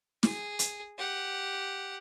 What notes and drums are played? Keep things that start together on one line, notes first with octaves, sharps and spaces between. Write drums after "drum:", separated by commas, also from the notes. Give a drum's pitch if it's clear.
G#4, drum: snare
drum: hi-hat
G4 F#5